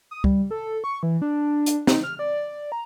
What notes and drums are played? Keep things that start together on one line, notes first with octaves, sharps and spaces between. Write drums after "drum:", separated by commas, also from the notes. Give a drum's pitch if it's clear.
D#6
G3, drum: kick C#2
A4
C#6
E3
D4
drum: hi-hat
D#4, drum: snare C4
F6
D5
A#5